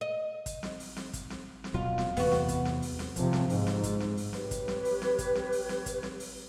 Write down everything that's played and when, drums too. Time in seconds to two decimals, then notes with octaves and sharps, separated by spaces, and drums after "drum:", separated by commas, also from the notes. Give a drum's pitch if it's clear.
0.01 D#5
0.46 drum: kick, hi-hat
0.63 drum: snare
0.80 drum: open hi-hat
0.97 drum: snare
1.13 drum: kick, hi-hat
1.30 drum: snare
1.64 drum: snare
1.74 D1 B2 F#3 F4
1.98 drum: snare
2.17 E2 C3 B3 F#4, drum: open hi-hat
2.32 drum: snare
2.48 drum: kick, hi-hat
2.65 drum: snare
2.82 drum: open hi-hat
2.99 drum: snare
3.16 C3 F3, drum: kick, hi-hat
3.33 drum: snare
3.50 G#2, drum: open hi-hat
3.67 drum: snare
3.83 drum: kick, hi-hat
4.00 drum: snare
4.17 drum: open hi-hat
4.33 G4 B4 C#5, drum: snare
4.51 drum: kick, hi-hat
4.68 drum: snare
4.85 drum: open hi-hat
5.02 drum: snare
5.18 drum: kick, hi-hat
5.35 drum: snare
5.52 drum: open hi-hat
5.69 drum: snare
5.86 drum: kick, hi-hat
6.03 drum: snare
6.20 drum: open hi-hat